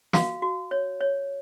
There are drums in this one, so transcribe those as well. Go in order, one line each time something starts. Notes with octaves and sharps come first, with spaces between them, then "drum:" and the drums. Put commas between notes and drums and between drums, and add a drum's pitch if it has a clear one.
F#4 F5, drum: snare
F#4
C#5
C#5